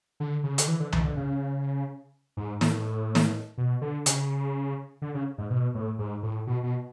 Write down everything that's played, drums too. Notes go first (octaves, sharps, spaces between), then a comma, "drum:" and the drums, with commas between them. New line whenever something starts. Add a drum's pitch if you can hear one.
D3
C#3
D3, drum: hi-hat
E3
D3
E3, drum: tom C2
D3
C#3
G#2
A2, drum: snare
drum: snare
B2
D3
C#3, drum: hi-hat
D3
C#3
G#2
B2
A2
G#2
A2
B2
B2